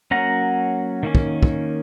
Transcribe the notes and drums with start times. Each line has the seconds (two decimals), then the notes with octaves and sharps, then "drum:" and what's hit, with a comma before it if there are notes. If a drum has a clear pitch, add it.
0.11 F#3 A#3 C#4 F#5 A#5
1.03 D#3 A#3 C#4
1.15 drum: kick
1.43 drum: kick